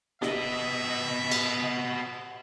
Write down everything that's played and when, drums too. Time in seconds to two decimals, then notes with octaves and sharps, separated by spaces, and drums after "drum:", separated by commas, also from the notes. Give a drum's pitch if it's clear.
0.22 B3 D#5 E5, drum: snare
1.32 drum: cymbal